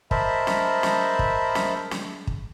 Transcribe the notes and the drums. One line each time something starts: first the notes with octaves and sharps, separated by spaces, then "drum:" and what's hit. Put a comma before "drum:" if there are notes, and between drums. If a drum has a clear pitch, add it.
A#4 C5 D#5 E5 A5 B5, drum: kick
drum: snare
drum: snare
drum: kick
drum: snare
drum: snare
drum: kick